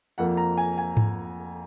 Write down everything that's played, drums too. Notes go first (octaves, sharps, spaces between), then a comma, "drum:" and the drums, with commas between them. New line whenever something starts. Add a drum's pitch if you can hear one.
F2 F3 A#3 F#5
A#5
G#5
G#5
drum: tom G#2